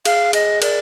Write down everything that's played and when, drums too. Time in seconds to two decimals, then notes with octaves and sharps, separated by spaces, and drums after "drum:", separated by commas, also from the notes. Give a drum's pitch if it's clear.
0.05 G#4 F5, drum: cymbal
0.33 G#4 D#5, drum: cymbal
0.62 A#4 D5, drum: cymbal